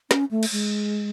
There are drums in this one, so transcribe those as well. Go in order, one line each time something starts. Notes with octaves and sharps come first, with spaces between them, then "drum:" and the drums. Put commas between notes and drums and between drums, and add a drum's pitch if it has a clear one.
C#4, drum: snare
A3
drum: cymbal
G#3